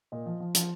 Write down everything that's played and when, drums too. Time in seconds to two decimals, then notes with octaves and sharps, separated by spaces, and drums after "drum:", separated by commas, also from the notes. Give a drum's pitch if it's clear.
0.12 A#2 D#5
0.26 F3
0.40 F3
0.55 F3, drum: hi-hat